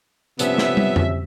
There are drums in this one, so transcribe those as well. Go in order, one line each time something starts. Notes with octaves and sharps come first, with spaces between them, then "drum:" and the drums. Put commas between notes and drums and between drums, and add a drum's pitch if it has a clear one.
G2 C3 F3 B3 C#4 E5, drum: hi-hat
drum: snare
drum: tom
drum: tom F2